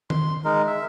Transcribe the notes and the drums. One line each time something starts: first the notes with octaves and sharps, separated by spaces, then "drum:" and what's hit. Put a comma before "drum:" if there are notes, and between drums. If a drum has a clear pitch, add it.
C6, drum: tom D#3
G#3 D#4 A#4
E5